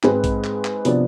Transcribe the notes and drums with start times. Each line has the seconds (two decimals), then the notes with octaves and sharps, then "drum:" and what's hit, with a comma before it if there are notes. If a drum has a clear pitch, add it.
0.03 G#2 G#3 C4 G#4 B4, drum: clap
0.24 drum: kick, hi-hat
0.44 drum: clap
0.65 drum: clap
0.85 C3 F3 B3 D4, drum: hi-hat